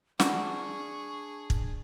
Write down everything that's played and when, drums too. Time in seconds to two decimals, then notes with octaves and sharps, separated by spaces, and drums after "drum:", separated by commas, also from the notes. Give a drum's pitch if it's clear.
0.20 D4 F#4 G#4 C#6, drum: snare
1.50 drum: kick